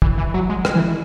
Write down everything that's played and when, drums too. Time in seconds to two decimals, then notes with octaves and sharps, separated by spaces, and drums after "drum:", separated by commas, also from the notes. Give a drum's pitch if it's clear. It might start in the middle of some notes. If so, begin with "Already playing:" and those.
0.02 E3, drum: kick
0.18 E3
0.34 F#3
0.49 G#3
0.65 G#3, drum: rim click
0.76 E3